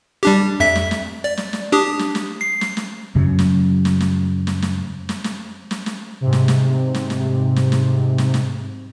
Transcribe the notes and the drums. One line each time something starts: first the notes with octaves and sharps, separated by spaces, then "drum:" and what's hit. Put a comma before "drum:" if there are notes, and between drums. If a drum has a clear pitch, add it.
G3 D4 G4
F2 E5 B6
drum: snare
drum: snare
D5
drum: snare
drum: snare
D4 G4 D#6
drum: snare
drum: snare
C7
drum: snare
drum: snare
F#2 C#3 F#3
drum: snare
drum: snare
drum: snare
drum: snare
drum: snare
drum: snare
drum: snare
drum: snare
drum: snare
G#2 C3
drum: snare
drum: snare
drum: snare
drum: snare
drum: snare
drum: snare
drum: snare
drum: snare